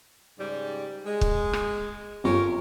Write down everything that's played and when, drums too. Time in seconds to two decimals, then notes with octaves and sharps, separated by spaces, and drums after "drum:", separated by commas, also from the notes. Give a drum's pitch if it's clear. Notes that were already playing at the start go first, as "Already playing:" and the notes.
0.39 G#2 C#3 G3
1.05 G#3
1.21 drum: kick
1.53 drum: rim click
2.24 G1 C#4 F4 G4 A#4 C#6